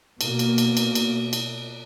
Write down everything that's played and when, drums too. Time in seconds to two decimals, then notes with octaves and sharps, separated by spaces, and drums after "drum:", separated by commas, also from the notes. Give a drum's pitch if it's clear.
0.21 B2 A#3, drum: cymbal
0.39 drum: cymbal
0.58 drum: cymbal
0.77 drum: cymbal
0.95 drum: cymbal
1.33 drum: cymbal